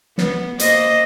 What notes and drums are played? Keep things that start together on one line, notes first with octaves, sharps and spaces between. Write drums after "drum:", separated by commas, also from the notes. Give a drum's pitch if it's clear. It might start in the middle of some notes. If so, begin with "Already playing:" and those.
B3, drum: snare
A#3 C5 D#5, drum: hi-hat